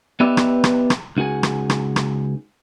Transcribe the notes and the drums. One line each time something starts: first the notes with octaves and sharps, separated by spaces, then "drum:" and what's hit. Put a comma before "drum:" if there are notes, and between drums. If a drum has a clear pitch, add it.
B3 D#4 G4 B4 D5 E5
drum: rim click
drum: rim click
drum: rim click
C#2 D#4 F#4 G#4 G#5
drum: rim click
drum: rim click
drum: rim click